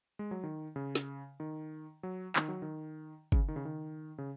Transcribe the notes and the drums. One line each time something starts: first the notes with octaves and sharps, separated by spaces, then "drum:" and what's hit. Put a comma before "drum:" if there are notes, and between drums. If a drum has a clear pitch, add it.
G#3
F#3
D#3
C#3
drum: snare
D#3
F#3
D#3, drum: clap
F#3
D#3
C#3, drum: kick
D#3
C#3
D#3
C#3